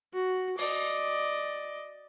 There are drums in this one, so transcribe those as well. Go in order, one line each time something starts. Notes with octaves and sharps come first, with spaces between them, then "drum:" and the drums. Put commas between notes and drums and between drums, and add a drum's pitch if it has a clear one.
F#4
D5 D#5, drum: open hi-hat